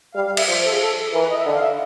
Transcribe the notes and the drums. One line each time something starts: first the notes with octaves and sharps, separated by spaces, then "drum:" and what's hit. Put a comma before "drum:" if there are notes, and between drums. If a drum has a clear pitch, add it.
G3 F5
F5
E5, drum: cymbal
F3 C5
A4
G#4
A4
E3 A#4
B4
D#5
E5
D3 F#5
F5
E5